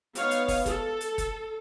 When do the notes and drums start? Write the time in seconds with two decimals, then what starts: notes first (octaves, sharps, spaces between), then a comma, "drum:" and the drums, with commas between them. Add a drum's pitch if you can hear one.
0.15 B3 D#4 C#5 F5, drum: hi-hat
0.31 drum: hi-hat
0.48 drum: kick, open hi-hat
0.66 A4, drum: kick, hi-hat
1.01 drum: hi-hat
1.18 drum: kick, hi-hat